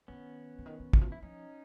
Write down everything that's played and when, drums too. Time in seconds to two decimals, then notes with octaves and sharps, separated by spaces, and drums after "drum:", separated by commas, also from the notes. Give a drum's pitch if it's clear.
0.08 D#3 B3 C#4
0.59 D3
0.66 D#3
0.80 D#3
0.93 D#3, drum: kick
1.01 F3
1.08 E3 E4
1.23 F3 C#4 D#4